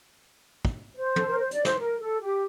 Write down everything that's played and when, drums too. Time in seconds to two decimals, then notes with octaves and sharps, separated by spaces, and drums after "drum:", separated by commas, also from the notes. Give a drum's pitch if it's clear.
0.65 drum: kick
0.95 C5
1.16 A4, drum: tom
1.28 A#4
1.40 C5
1.51 D5, drum: hi-hat
1.65 C5, drum: snare
1.79 A#4
1.99 A4
2.21 G4